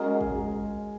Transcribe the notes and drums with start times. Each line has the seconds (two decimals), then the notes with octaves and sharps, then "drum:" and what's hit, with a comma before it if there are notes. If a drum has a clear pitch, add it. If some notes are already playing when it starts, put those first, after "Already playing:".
Already playing: G#3 C#4 F#4 G#4 A#4 D#5
0.21 G#3 G#4, drum: kick